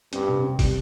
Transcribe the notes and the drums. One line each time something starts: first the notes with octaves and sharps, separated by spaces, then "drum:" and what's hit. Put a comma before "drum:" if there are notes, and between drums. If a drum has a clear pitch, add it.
G2 C4, drum: hi-hat
C3
C4
G3, drum: kick, open hi-hat